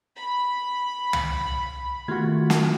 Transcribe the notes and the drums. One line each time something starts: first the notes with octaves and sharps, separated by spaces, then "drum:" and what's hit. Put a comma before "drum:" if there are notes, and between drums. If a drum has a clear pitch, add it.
B5
drum: tom
D#3 A3 F4 F#4 G#6
drum: snare